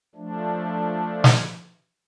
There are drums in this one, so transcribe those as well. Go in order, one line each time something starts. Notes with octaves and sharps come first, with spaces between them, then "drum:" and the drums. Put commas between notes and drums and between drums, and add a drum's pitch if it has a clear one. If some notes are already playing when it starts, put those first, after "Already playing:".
F3 A3 D4
drum: snare